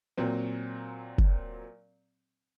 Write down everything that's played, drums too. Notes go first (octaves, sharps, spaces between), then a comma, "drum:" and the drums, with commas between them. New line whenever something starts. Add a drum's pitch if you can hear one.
A#2 F#3 C4
drum: kick F#1